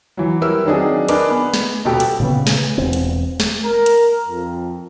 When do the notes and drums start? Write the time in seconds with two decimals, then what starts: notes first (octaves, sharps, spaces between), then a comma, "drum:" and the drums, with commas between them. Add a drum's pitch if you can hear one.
0.17 E3 F#3
0.42 G3 E4 A#4 B4 E6
0.66 D#3 F#3 C4 D4 D#4 G#4
1.09 D4 D#4 A#4 B4 G#5 D6, drum: hi-hat
1.30 B3
1.54 drum: snare
1.85 D#1 B2 G4 A4 G5
2.00 drum: hi-hat
2.20 A#2 C#3 B3
2.47 drum: snare
2.78 E1 C4
2.93 drum: hi-hat
3.40 drum: snare
3.63 A#4
3.86 drum: hi-hat
4.28 F2